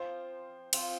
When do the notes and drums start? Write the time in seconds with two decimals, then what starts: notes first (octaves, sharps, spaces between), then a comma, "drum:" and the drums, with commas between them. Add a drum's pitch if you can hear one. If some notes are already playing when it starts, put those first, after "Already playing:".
Already playing: F3 C4 F4 C5
0.73 F3 C4 F4, drum: cymbal